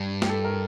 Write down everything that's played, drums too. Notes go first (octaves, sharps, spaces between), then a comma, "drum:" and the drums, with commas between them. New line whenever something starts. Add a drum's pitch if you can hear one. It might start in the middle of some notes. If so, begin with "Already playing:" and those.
Already playing: G2 G4
G4, drum: snare
A4
A#4